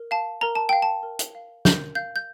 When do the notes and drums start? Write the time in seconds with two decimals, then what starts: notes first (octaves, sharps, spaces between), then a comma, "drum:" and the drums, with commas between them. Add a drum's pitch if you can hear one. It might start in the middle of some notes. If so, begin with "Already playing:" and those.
Already playing: A#4
0.11 F5 A5
0.41 A#4 A#5
0.55 A5
0.69 F5 G5
0.82 A5
1.03 A#4
1.19 drum: hi-hat
1.35 F5
1.65 A#4 G6, drum: snare
1.95 F5 G6
2.16 G6